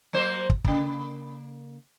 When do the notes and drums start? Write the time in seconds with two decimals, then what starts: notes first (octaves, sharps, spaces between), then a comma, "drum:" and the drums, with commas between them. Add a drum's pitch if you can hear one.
0.13 F#3 A#3 C5
0.50 drum: kick
0.64 C#3 A#3, drum: kick